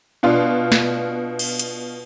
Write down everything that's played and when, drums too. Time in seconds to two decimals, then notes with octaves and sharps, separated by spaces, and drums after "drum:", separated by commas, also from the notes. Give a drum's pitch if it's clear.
0.23 B2 D4 F4
0.72 drum: snare
1.39 drum: cymbal
1.59 drum: hi-hat